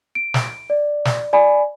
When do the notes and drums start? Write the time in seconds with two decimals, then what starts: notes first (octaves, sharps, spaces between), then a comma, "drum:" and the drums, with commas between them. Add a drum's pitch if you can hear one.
0.15 D7
0.34 drum: snare
0.70 D5
1.05 drum: snare
1.33 D5 G#5 B5